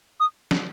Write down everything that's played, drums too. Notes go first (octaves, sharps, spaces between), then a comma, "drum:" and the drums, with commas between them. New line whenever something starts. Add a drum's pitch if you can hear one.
D#6
drum: snare